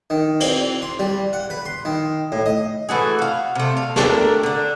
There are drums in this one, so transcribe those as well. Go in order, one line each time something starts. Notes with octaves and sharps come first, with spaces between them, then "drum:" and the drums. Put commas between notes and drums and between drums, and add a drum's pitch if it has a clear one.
D#3
C4, drum: cymbal
C6
G3
F#5
B4
C6
D#3
A2
D#5
E3 A3 F#4 G#4
F#4 F5
C3 A3
F5
A3 D4 G4 A#4, drum: snare
D3 D4